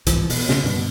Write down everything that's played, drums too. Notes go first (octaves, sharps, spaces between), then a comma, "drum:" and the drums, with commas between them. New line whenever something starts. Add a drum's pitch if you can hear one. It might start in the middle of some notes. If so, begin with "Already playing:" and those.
C2 G#2 E3 F3, drum: hi-hat
B2, drum: open hi-hat
C#3, drum: snare
G2 B2 D3